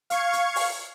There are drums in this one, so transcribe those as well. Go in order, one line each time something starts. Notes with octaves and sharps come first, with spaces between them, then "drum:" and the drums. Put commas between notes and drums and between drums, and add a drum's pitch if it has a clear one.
F5 C#6 G#6, drum: hi-hat
drum: hi-hat
drum: open hi-hat